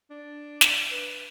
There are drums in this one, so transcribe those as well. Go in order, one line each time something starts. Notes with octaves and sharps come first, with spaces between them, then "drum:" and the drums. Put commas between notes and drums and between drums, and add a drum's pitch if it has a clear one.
D4
drum: snare
B4